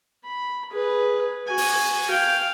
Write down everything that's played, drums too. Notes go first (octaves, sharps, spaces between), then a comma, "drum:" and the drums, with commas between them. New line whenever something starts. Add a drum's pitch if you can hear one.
B5
G#4 B4
F#4 G#5
drum: open hi-hat
F5 G5